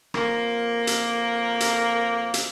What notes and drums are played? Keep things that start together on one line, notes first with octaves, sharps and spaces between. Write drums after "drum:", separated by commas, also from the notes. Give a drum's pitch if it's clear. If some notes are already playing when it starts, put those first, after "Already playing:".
F2 A#3, drum: rim click
drum: hi-hat
drum: hi-hat
drum: hi-hat